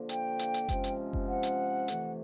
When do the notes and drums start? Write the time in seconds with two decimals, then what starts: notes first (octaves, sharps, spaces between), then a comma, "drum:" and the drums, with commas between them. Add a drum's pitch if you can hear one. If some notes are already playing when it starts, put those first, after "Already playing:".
Already playing: D3 F3 A#3
0.09 G5, drum: hi-hat
0.39 drum: hi-hat
0.54 drum: hi-hat
0.69 C3 F3 G#3 C#4, drum: kick F#1, hi-hat
0.84 drum: hi-hat
1.13 drum: kick F#1
1.28 F#5
1.43 drum: hi-hat
1.88 F2 C3 E3 A3, drum: hi-hat